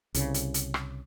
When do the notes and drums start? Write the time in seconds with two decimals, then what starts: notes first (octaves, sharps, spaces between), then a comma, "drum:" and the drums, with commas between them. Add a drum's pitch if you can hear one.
0.14 C2 C#3, drum: hi-hat
0.34 drum: hi-hat
0.54 drum: hi-hat
0.74 drum: rim click